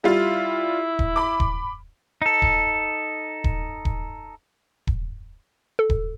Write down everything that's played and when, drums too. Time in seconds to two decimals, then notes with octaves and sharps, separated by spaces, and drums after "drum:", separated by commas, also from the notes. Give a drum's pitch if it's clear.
0.04 G3 E4 F4
0.99 drum: kick D#1
1.16 B5 D6
1.40 drum: kick D#1
2.22 D#4 A4
2.42 drum: kick D#1
3.44 drum: kick D#1
3.85 drum: kick D#1
4.87 drum: kick D#1
5.79 A4
5.90 drum: kick D#1